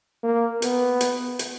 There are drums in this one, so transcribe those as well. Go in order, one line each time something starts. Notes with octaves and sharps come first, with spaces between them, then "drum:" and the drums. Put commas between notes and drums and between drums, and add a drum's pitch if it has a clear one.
A#3
B3, drum: hi-hat
drum: hi-hat
drum: hi-hat